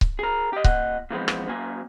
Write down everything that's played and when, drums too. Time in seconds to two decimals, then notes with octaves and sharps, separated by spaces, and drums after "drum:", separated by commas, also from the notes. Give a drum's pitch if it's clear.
0.01 drum: kick C#1
0.19 G#4 A#4
0.53 G4 D#5
0.64 A#2 D#5 F#5, drum: kick C#1
1.10 A#2 E3 F3 G#3 B3 C4
1.28 drum: rim click
1.47 F#2 A#3 G#5